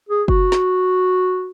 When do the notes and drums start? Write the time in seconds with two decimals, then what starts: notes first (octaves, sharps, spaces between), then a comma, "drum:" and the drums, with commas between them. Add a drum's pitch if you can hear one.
0.09 G#4
0.28 F#4, drum: kick F#1
0.52 drum: snare